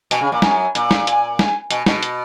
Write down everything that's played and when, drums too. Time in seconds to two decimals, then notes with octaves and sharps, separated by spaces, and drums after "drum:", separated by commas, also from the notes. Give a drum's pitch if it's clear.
0.11 B2 G#5, drum: hi-hat
0.21 C#3
0.32 A#2
0.42 F#2 G#5, drum: snare
0.75 A#2, drum: hi-hat
0.91 drum: snare
1.07 G#5, drum: hi-hat
1.39 G#5, drum: snare
1.71 B2 G#5, drum: hi-hat
1.86 B2, drum: snare
2.03 drum: hi-hat